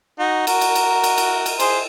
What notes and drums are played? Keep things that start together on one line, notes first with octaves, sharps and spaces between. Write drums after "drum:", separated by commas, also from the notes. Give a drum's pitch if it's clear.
D#4 F#4
F#4 A#4, drum: cymbal
drum: cymbal
drum: cymbal
drum: cymbal
drum: cymbal
drum: cymbal
G#4 C5, drum: cymbal